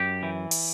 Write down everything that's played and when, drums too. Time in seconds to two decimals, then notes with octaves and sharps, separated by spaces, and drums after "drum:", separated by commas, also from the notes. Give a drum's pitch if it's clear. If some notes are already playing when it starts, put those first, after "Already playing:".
Already playing: F#2 G4
0.23 E3
0.51 drum: open hi-hat